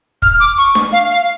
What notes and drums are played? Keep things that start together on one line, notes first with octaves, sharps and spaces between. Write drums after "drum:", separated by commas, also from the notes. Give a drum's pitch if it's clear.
F6, drum: kick
D6
C#6
drum: snare D4
F5
F5